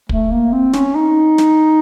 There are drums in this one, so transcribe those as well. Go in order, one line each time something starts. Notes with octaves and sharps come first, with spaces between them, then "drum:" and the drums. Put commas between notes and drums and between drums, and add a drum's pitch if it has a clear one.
A3, drum: kick
A#3
C4
C#4, drum: snare
D#4
drum: snare